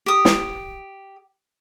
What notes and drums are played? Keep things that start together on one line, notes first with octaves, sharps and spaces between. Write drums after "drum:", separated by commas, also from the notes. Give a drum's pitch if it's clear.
G4 D#6
drum: snare